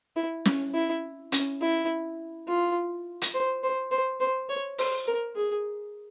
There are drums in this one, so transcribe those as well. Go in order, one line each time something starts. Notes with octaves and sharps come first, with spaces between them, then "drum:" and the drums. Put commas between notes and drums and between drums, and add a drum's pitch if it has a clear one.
E4
C#4, drum: snare
E4
C#4, drum: hi-hat
E4
F4
drum: hi-hat
C5
C5
C5
C5
C#5
C5, drum: open hi-hat
A#4
G#4